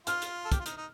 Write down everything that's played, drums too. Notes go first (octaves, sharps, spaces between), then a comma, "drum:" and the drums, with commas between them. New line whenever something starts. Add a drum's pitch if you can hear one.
F4 F6, drum: hi-hat
drum: hi-hat
A4
G4, drum: kick, hi-hat
F4
D#4, drum: hi-hat
D#4